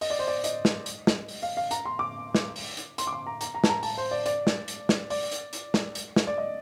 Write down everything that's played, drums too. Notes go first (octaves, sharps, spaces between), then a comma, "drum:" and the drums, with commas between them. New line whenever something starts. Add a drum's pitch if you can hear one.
D#5, drum: open hi-hat
D5
C5
D5
D#5, drum: hi-hat
drum: snare
drum: hi-hat
drum: snare
drum: open hi-hat
F5
F5
A#5, drum: hi-hat
C6
D6
drum: snare
drum: open hi-hat
drum: hi-hat
C6, drum: hi-hat
D6
C6
A#5
A#5, drum: hi-hat
A#5
A5, drum: snare
A#5
A5, drum: open hi-hat
C5
D5
D5, drum: hi-hat
drum: snare
drum: hi-hat
drum: snare
D5, drum: open hi-hat
drum: hi-hat
drum: hi-hat
drum: snare
drum: hi-hat
drum: snare
D5
D#5